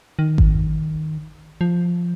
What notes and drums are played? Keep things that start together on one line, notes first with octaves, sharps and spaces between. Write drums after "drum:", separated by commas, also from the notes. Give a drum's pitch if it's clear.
D#3
drum: kick G#1
F3